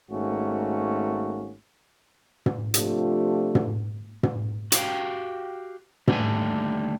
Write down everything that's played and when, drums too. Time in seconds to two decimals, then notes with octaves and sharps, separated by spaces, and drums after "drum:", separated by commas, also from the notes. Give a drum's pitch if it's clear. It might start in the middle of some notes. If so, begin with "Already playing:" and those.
0.10 G#1 G#2 A3 A#3 C#4 F#4
2.46 drum: tom
2.74 C3 F3 A3 D4 F4 G4, drum: hi-hat
3.55 drum: tom
4.23 drum: tom
4.72 F#4 G4 F5 G5, drum: hi-hat
6.08 D#2 D3 G3 A3 G#5, drum: tom